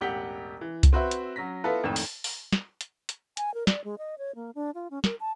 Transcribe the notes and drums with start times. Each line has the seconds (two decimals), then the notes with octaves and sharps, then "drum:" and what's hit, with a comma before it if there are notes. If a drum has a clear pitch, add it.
0.01 E1 A1 G4 F#5 B6 G7
0.61 E3
0.83 drum: kick C2, hi-hat
0.93 C4 F#4 B4 E5
1.11 drum: hi-hat
1.36 F#3 C#4 A#6 B6
1.64 B3 E4 F4 A4 B4
1.83 G#1 F2 A2 D#3 G5 E7
1.96 drum: open hi-hat
2.24 drum: open hi-hat
2.52 drum: snare
2.81 drum: hi-hat
3.09 drum: hi-hat
3.37 G#5, drum: hi-hat
3.54 A#4
3.67 D5, drum: snare
3.84 G#3
3.98 D#5
4.18 C#5
4.35 A#3
4.55 D4
4.75 F4
4.91 C#4
5.04 A#4, drum: snare
5.20 A5